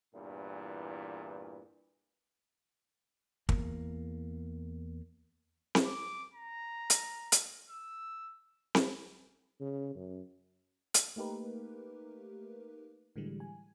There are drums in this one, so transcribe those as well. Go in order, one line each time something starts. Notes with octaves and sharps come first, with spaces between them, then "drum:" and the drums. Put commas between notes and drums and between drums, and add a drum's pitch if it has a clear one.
E2 G2 A#2 E3
E2 A#3, drum: kick
drum: snare C4
D6
A#5
drum: hi-hat
drum: hi-hat
E6
drum: snare C4
C#3
F#2
drum: hi-hat
A3 A#3 D#4 G4 A#4 B4
A2 D3 E3 G3 G#3
G#5